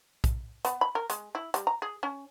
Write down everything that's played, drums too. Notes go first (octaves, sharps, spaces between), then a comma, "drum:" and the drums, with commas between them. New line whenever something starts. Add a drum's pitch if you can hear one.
drum: kick A#1, hi-hat
B3, drum: hi-hat
B5
A#4
G#3, drum: hi-hat
E4
G3, drum: hi-hat
A#5
G#4
C#4